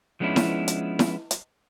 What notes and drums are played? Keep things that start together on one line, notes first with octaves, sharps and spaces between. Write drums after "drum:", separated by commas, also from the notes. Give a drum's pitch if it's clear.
F3 G#3 B3 C#4 D4 E4
drum: snare E4
drum: hi-hat
drum: snare E4
drum: hi-hat